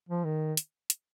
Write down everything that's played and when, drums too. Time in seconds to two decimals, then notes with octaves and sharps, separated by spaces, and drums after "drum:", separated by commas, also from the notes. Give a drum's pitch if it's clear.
0.09 F3
0.24 D#3
0.57 drum: hi-hat
0.90 drum: hi-hat